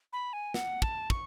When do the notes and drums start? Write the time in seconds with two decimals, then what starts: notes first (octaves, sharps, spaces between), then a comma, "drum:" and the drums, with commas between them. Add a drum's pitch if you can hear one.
0.13 B5
0.33 G#5
0.54 F#5, drum: snare
0.82 A5, drum: kick
1.10 C#6, drum: kick